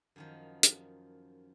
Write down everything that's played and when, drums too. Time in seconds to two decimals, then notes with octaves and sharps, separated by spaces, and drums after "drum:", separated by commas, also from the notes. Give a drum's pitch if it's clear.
0.16 F#2 D#3 F3
0.63 drum: hi-hat